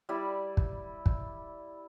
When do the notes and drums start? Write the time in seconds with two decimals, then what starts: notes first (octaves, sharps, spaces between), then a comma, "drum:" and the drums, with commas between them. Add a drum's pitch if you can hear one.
0.09 G3 E4 D5
0.57 drum: kick
1.06 drum: kick